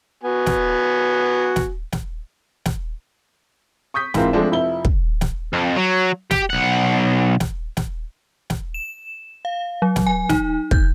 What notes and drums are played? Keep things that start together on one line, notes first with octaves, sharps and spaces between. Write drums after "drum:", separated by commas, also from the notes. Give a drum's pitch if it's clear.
B3 F#4 G#5
drum: snare
drum: snare
drum: snare
drum: snare
C#6 D#6 G6 B6
G#2 E3 A#3 C4 F4, drum: snare
F3 G#3 A3 C4 D4
F1 F3 E4 G7
drum: kick
drum: snare
F2
F#3
G4, drum: snare
B1 F#5
drum: snare
drum: snare
drum: snare
E7
F5
F#3
drum: snare
G#5
D#4, drum: snare
G6, drum: kick